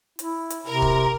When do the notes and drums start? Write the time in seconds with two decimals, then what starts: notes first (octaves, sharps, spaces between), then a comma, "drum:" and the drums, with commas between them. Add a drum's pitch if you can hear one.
0.19 E4, drum: hi-hat
0.50 drum: hi-hat
0.66 C3 A#4
0.82 drum: kick